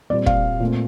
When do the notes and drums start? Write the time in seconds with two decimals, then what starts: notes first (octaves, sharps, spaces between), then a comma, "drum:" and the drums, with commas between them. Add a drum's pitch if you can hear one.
0.10 A#2 G3 C4 D5
0.26 F5, drum: kick
0.60 A#2 A3 C4